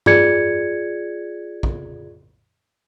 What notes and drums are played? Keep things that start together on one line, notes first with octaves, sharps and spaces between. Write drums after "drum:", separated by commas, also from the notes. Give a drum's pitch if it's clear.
F4 G#4 D5 G#6 C#7, drum: tom G2
drum: kick